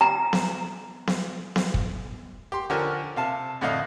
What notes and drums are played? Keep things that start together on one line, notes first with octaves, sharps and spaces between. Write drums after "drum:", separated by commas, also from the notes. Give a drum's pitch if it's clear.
A#5
drum: snare B3
drum: snare B3
drum: snare B3
drum: kick
G4 C6
D3 F3 C#4 D4 G4 A#4
C3 F5 A5
F2 A2 D3 D5 D#5 F5